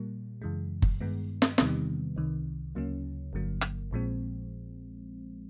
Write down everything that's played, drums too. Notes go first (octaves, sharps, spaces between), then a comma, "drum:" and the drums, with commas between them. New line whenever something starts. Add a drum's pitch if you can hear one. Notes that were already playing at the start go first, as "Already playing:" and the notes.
Already playing: A#2 G3 A#3
F#2 C#3 E3 G#3
drum: kick F#1
G2 D#3 G#3 B3
drum: snare
E2 C3 D#3 G3 B3, drum: snare
C2 C3 D#3
D2 C#3 F#3 A#3 C#4
G1 G2 D3 F#3 A#3
drum: rim click
A#1 A#2 F3 G#3 C4